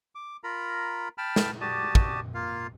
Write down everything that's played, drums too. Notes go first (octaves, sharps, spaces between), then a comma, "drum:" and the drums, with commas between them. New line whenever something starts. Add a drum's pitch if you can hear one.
D6
F4 A#4 A#5 B5
G5 A5 B5 F6
drum: snare
F#4 G4 D5 A5 D#6
drum: kick
A#3 F4 F5